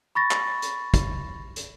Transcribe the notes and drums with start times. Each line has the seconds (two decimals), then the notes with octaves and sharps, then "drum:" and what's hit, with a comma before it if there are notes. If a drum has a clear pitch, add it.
0.15 B5 C#6 A6 A#6
0.31 drum: clap
0.62 drum: hi-hat
0.94 drum: kick, hi-hat
1.56 drum: hi-hat